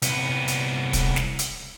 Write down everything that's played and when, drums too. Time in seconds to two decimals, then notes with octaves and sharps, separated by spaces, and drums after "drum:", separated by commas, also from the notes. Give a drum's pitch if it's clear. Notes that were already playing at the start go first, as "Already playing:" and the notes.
0.02 C2 B3, drum: hi-hat
0.48 drum: hi-hat
0.93 drum: kick, hi-hat
1.16 drum: snare
1.39 drum: hi-hat